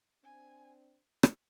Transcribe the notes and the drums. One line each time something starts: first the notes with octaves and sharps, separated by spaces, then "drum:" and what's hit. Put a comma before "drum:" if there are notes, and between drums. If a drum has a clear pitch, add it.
C4 D4 G#5
drum: rim click